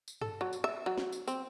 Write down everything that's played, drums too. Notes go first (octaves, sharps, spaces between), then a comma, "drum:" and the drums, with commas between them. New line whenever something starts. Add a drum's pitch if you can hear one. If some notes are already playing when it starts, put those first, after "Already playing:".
drum: tambourine
A4, drum: tom G2
F#3
drum: tambourine
E5
F#3
drum: snare
drum: tambourine
C4, drum: tambourine